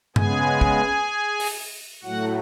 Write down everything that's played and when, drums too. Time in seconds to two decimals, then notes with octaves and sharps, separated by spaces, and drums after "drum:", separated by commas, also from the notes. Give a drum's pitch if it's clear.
0.16 C#3 G#3 B3 G#4 G#5, drum: tom G2
0.61 drum: kick
1.40 drum: open hi-hat
2.03 A2 F#3 A3 F#4 F#5